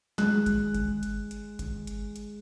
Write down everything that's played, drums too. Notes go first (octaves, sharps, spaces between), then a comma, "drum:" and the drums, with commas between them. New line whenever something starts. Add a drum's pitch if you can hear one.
G#3 F#6, drum: snare
drum: kick G1, hi-hat
drum: kick G1, hi-hat
drum: hi-hat
drum: hi-hat
drum: kick G1, hi-hat
drum: hi-hat
drum: hi-hat